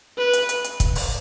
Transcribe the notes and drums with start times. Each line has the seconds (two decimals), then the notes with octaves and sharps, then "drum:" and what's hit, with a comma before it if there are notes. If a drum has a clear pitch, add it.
0.18 B4
0.33 drum: hi-hat
0.49 drum: hi-hat
0.64 drum: hi-hat
0.80 drum: kick, hi-hat
0.95 drum: open hi-hat